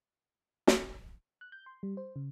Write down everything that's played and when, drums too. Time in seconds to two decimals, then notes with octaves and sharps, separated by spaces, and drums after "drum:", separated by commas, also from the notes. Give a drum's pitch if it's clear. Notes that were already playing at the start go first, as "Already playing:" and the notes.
0.67 drum: snare
1.41 F#6
1.52 G6
1.66 C6
1.83 G3
1.97 C5
2.16 C#3